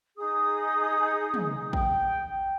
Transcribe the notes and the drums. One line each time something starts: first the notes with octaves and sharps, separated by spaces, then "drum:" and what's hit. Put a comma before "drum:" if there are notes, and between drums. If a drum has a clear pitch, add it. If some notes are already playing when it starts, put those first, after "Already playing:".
D#4 G#4 D#6
drum: tom
G5, drum: kick A1